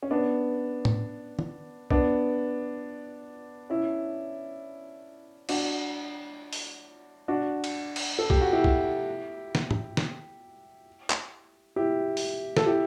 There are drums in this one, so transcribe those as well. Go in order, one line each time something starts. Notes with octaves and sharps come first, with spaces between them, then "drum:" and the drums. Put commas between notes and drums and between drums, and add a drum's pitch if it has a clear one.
C#4
B3 D4
drum: tom A2
drum: tom
B3 D4, drum: kick
C#4 E4
D4 F#4, drum: cymbal
drum: open hi-hat
D4 F#4
drum: cymbal
drum: cymbal
A4
G4, drum: kick
F#4
E4 G4
drum: kick
drum: snare
drum: tom
drum: snare
drum: clap
E4 G4
drum: open hi-hat
A4, drum: snare
E4 G4